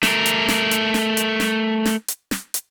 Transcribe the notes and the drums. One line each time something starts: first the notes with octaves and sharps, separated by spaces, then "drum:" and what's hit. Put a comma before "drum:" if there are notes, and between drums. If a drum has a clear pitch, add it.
A3 A#4, drum: snare
drum: hi-hat
drum: snare
drum: hi-hat
drum: snare
drum: hi-hat
drum: snare
drum: snare
drum: hi-hat
drum: snare
drum: hi-hat